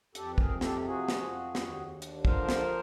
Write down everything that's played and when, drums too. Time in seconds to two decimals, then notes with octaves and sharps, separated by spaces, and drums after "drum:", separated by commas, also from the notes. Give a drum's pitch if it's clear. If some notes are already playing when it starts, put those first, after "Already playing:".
0.15 F2 G4 A4, drum: hi-hat
0.33 B4
0.38 G#4 A#4, drum: kick
0.51 C3
0.61 G4 A4, drum: snare
0.85 F3 F#4 G#4
1.08 drum: snare
1.20 F2
1.55 D#2, drum: snare
1.91 D3
2.02 drum: hi-hat
2.25 F3 A#4 C5, drum: kick
2.49 drum: snare